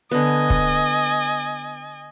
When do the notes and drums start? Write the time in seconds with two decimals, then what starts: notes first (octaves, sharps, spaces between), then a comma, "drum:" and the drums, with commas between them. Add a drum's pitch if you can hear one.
0.11 D3 B3 D#5 G#5
0.50 drum: kick